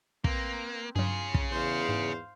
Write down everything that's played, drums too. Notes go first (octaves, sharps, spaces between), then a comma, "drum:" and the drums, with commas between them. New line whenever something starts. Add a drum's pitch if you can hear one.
A#3 C4 B4, drum: kick
G2 F#3 C#4 F4 G#4
drum: kick
E2 C5 F5
G#2